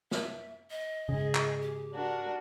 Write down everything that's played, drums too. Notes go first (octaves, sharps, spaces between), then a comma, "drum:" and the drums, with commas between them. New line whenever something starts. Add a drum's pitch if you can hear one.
E5, drum: snare
D#5
G#2 C#3 G#4
drum: clap
G4
D4 F#4 A#4